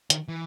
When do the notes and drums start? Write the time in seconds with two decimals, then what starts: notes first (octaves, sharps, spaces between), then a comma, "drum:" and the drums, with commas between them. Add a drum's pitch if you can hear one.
0.10 D#3, drum: hi-hat
0.28 E3